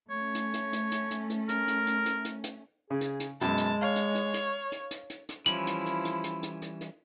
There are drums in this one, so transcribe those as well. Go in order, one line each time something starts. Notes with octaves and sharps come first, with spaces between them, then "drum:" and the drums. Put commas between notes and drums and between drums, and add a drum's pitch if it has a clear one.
A3 C#4 C#5
drum: hi-hat
drum: hi-hat
drum: hi-hat
drum: hi-hat
drum: hi-hat
drum: hi-hat
A#4, drum: hi-hat
drum: hi-hat
drum: hi-hat
drum: hi-hat
drum: hi-hat
drum: hi-hat
C#3 G#4
drum: hi-hat
drum: hi-hat
F#2 B2 G#3 A5, drum: hi-hat
drum: hi-hat
C#5 F5
drum: hi-hat
drum: hi-hat
drum: hi-hat
drum: hi-hat
drum: hi-hat
drum: hi-hat
drum: hi-hat
E3 F3 G3 C#4 E4 B5 F#7, drum: hi-hat
drum: hi-hat
drum: hi-hat
drum: hi-hat
drum: hi-hat
drum: hi-hat
drum: hi-hat
drum: hi-hat